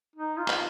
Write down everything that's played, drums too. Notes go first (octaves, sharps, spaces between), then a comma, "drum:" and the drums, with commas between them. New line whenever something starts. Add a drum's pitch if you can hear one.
D#4
F4
drum: clap